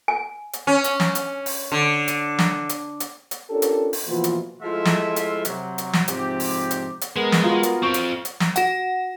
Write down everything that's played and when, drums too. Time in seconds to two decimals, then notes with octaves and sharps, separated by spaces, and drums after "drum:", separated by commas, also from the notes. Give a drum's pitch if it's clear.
0.08 G#5
0.53 drum: hi-hat
0.67 C#4
0.84 drum: hi-hat
1.00 drum: snare
1.15 drum: hi-hat
1.46 drum: open hi-hat
1.72 D3
2.08 drum: hi-hat
2.39 drum: snare
2.69 drum: hi-hat
3.00 drum: hi-hat
3.31 drum: hi-hat
3.50 C#4 D4 F4 G4 A4 A#4
3.62 drum: hi-hat
3.93 drum: open hi-hat
4.07 B2 E3 F3 A#3 F4 F#4
4.24 drum: hi-hat
4.62 F3 G#3 A3 E4 F4 E5
4.85 drum: snare
5.16 drum: hi-hat
5.45 C3 F#3, drum: hi-hat
5.78 drum: hi-hat
5.93 drum: snare
6.08 G#2 C3 F3 C4 G4, drum: hi-hat
6.40 drum: open hi-hat
6.71 drum: hi-hat
7.01 drum: hi-hat
7.16 G#3 B3 A#4
7.32 drum: snare
7.43 F4 F#4
7.63 drum: hi-hat
7.83 C4 F4 C#6
7.94 drum: hi-hat
8.25 drum: hi-hat
8.40 drum: snare
8.56 F#4 F#5, drum: hi-hat